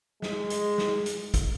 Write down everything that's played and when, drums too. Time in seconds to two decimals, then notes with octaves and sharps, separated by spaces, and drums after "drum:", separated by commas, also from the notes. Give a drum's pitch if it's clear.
0.22 G#3, drum: snare
0.50 drum: hi-hat
0.78 drum: snare
1.06 drum: hi-hat
1.34 drum: kick, hi-hat